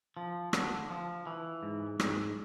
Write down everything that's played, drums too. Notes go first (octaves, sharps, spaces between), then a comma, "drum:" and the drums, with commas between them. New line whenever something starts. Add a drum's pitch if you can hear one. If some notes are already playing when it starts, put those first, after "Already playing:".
F3
D3, drum: rim click
F3
E3
G#2
G#2, drum: rim click